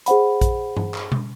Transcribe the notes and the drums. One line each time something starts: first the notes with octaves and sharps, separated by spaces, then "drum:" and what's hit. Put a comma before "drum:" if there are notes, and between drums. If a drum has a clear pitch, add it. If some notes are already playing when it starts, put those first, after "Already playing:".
G#4 C5 F#5 B5, drum: hi-hat
drum: kick A#1, hi-hat
drum: tom G2
drum: clap
drum: tom B2